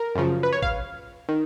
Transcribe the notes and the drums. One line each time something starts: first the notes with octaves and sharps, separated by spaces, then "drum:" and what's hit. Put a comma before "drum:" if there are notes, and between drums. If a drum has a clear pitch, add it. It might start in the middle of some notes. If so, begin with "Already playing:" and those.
Already playing: A#4
F#2 C#3 F3
B4
C#5
F5, drum: kick G#1
D#3